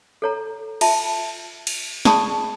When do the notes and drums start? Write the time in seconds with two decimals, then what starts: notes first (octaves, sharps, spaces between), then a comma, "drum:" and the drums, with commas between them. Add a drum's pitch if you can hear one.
0.22 A4 C#5 A#5
0.81 F4 E5 A5, drum: cymbal
1.67 drum: cymbal
2.05 G#4 D5 A5 B5 C#6 D#6, drum: snare